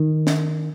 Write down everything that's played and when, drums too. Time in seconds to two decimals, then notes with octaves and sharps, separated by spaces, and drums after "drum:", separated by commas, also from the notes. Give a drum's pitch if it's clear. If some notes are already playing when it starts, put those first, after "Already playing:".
Already playing: D#3
0.27 drum: snare